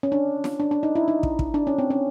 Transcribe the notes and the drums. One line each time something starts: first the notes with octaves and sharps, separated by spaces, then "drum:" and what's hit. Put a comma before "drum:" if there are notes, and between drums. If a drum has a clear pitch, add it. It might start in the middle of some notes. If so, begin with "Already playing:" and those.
C#4
D4
drum: snare
D4
D4
D#4
E4
D#4
drum: kick
drum: kick
D4
C#4
C4
C#4